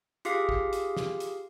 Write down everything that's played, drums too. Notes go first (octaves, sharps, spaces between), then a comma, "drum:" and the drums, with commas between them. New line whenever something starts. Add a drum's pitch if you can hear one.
F4 G4 G#4 F5, drum: hi-hat
drum: kick
drum: hi-hat
drum: snare
drum: hi-hat